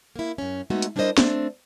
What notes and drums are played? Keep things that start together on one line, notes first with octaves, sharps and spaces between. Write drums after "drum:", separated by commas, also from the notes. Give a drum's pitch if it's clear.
A#3 E4
F#2 C#4
G#3 A3 B3 D#4 F#4
drum: hi-hat
G3 D4 E4 A#4 C5 D#5
A3 C4 D4, drum: snare